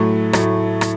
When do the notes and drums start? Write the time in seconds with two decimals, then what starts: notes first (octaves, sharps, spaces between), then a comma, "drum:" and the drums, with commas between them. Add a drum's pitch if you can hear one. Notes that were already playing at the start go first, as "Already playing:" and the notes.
Already playing: A2 F#3 A3
0.33 A2 F#3 A3, drum: rim click
0.81 drum: rim click